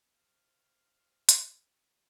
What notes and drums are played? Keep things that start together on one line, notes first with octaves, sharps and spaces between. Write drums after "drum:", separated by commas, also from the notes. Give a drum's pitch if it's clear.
C5 F5
drum: hi-hat